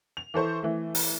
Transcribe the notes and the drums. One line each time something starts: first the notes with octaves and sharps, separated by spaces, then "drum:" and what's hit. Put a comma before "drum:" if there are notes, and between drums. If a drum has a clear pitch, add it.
F7
E3 A4 C5 C#6
E3 A3
drum: open hi-hat